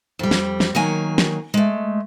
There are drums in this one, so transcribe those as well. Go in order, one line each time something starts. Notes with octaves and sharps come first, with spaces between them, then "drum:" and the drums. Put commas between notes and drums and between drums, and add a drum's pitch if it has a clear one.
F2 G3
drum: snare
drum: snare
D#3 F#3 A#3 G#5
drum: snare
G#3 A3